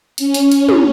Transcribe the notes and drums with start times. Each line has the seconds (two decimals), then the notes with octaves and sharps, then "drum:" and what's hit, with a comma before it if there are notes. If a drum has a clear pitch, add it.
0.18 C#4, drum: hi-hat
0.34 drum: hi-hat
0.51 drum: hi-hat
0.69 drum: tom